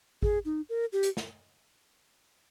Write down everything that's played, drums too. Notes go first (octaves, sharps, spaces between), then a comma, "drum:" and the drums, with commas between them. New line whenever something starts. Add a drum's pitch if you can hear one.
G#4, drum: kick G#1
D#4
A#4
G4
drum: hi-hat
drum: snare